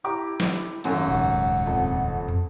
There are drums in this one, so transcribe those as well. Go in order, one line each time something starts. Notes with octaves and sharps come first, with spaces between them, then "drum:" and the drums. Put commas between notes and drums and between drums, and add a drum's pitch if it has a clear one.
E4 G4 A#5 D6
drum: snare
G#1 F#2 A3, drum: cymbal
D#1 C#2 G#2 F#5
F2
drum: tom